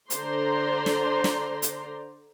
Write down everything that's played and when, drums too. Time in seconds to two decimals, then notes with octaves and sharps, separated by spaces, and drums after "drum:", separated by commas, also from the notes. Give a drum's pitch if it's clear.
0.10 D3 C5 D5 A#5 C6, drum: hi-hat
0.86 drum: snare
1.24 drum: snare
1.62 drum: hi-hat